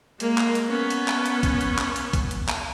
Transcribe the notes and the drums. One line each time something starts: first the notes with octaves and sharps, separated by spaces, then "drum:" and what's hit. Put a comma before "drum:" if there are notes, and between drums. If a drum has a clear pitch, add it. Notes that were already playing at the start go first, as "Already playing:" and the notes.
G#3 A#3, drum: hi-hat
drum: clap
drum: hi-hat
B3 C#4
drum: hi-hat
drum: clap
drum: hi-hat
drum: kick, hi-hat
drum: hi-hat
drum: clap
drum: hi-hat
drum: kick, hi-hat
drum: hi-hat
drum: clap